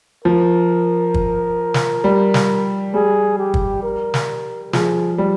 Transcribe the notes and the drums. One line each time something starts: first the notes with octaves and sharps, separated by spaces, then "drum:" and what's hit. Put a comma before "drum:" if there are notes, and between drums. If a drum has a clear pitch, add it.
F3 A#4
drum: kick
drum: snare
G3
drum: snare
G3 G#4
G4
drum: kick
A#4
drum: snare
F3 G#4, drum: snare
G3